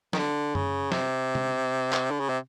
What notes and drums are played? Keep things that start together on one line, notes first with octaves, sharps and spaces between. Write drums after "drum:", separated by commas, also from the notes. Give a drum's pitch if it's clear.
D#3, drum: snare
D3
C#3, drum: tom F#2
C3, drum: snare
drum: tom C3
drum: clap
D3
C#3
C3